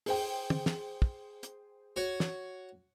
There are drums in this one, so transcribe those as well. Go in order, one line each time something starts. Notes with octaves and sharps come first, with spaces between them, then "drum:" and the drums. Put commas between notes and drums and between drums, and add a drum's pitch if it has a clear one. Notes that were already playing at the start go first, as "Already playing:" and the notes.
G#4 C5 G5, drum: open hi-hat
drum: tom
drum: snare
drum: kick
drum: hi-hat
F#4 C#5
drum: snare